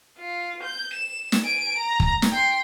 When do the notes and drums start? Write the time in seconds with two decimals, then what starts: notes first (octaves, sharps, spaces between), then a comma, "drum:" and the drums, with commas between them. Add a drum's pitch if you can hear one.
0.18 F4
0.63 G6
0.93 E7
1.32 drum: snare
1.43 G#5 D7
1.77 A#5
2.00 drum: kick
2.22 drum: snare
2.32 G5 C6